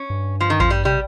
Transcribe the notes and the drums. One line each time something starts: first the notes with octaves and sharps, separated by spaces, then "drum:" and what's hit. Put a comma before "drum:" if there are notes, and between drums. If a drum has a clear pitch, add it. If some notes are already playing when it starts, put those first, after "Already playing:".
Already playing: C#4
G2
F3
D#3
F2 F3, drum: kick A1
G2 G3
C3 G3